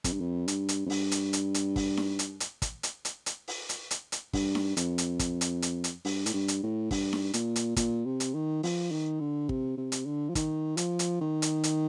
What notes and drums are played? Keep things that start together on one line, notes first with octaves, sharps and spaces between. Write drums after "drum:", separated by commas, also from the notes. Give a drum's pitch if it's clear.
F2, drum: kick, hi-hat
G2
F2
G2, drum: hi-hat
drum: hi-hat
F2
G2, drum: open hi-hat
drum: hi-hat
drum: hi-hat
drum: hi-hat
drum: kick, open hi-hat
drum: snare D#4
drum: hi-hat
drum: hi-hat
drum: kick, hi-hat
drum: hi-hat
drum: hi-hat
drum: hi-hat
drum: open hi-hat
drum: hi-hat
drum: hi-hat
drum: hi-hat
G2, drum: kick, open hi-hat
drum: snare D#4
F2, drum: hi-hat
drum: hi-hat
drum: kick, hi-hat
drum: hi-hat
drum: hi-hat
drum: hi-hat
G2, drum: open hi-hat
A2, drum: hi-hat
G2
drum: hi-hat
A2
G2, drum: kick, open hi-hat
drum: snare D#4
A#2, drum: hi-hat
drum: hi-hat
A#2, drum: kick, hi-hat
C3
drum: hi-hat
D#3
F3, drum: open hi-hat
D#3
D3
C3, drum: kick
C3
drum: hi-hat
D3
F3
D#3, drum: kick, hi-hat
F3, drum: hi-hat
drum: hi-hat
D#3
drum: hi-hat
drum: hi-hat